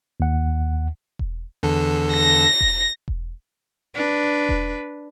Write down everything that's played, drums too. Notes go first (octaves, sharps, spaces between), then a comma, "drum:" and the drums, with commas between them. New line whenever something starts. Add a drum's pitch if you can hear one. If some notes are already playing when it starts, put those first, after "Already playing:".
D#2 F#5
drum: kick E1
E2 D3 A4
A#6
drum: kick E1
drum: kick E1
D4 B4
drum: kick E1